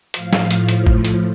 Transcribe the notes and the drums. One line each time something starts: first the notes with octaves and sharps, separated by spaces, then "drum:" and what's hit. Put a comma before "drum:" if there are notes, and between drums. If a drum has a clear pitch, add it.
A2 F3 F5, drum: hi-hat
drum: snare
drum: hi-hat
drum: hi-hat
drum: kick
drum: hi-hat